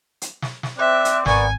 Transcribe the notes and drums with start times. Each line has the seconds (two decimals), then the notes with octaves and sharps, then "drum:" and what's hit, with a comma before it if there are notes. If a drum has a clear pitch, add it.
0.22 drum: hi-hat
0.42 drum: snare
0.63 drum: snare
0.78 C4 D5 E5 F#6
1.05 drum: hi-hat
1.26 G#1 B3 A#4 D5 G#5 C#6, drum: snare